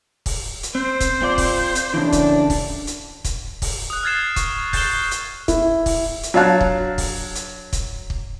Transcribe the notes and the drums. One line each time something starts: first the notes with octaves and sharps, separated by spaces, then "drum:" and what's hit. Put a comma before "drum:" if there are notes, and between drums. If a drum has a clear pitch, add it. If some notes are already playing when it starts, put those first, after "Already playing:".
drum: kick, open hi-hat
drum: hi-hat
C4 C5
drum: kick, hi-hat
C4 F4 D5
drum: kick, open hi-hat
drum: hi-hat
D#2 A2 C#3 E3 D4
drum: kick, hi-hat
drum: kick, open hi-hat
drum: hi-hat
drum: kick, hi-hat
drum: kick, open hi-hat
D#6 F#6
F6 F#6 G#6 A6 C7 E7
C#6, drum: kick, hi-hat
G6 A6 C7 E7 G7, drum: kick, open hi-hat
drum: hi-hat
E4, drum: kick, hi-hat
drum: kick, open hi-hat
drum: hi-hat
F#3 D4 F5 A5 F#6
drum: kick
drum: kick, open hi-hat
drum: hi-hat
drum: kick, hi-hat
drum: kick